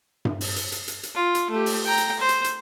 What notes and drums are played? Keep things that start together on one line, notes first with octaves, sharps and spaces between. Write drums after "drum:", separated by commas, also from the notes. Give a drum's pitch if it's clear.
drum: tom G2
drum: open hi-hat
drum: hi-hat
drum: hi-hat
drum: hi-hat
drum: hi-hat
F4
drum: hi-hat
A3 G4
drum: open hi-hat
G5 A#5
drum: hi-hat
C5
drum: hi-hat
drum: hi-hat